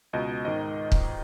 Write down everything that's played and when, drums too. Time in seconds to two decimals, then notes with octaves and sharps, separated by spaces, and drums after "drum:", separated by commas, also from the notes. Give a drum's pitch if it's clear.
0.13 C#2 B2 D#5
0.45 G#2 D#3 D#5
0.92 drum: kick